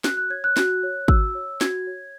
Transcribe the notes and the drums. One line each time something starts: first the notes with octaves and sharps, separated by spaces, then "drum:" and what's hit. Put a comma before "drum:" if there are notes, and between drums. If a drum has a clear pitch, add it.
F#4 F#6, drum: snare
F#6
C#5 G#6
F#6
F#4, drum: snare
C#5
F#4 E6, drum: kick
C#5
F#4 G#6, drum: snare
C#5